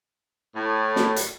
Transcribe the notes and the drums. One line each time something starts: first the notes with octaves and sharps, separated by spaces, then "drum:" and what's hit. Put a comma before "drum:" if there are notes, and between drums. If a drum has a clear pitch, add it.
A2
drum: snare
drum: hi-hat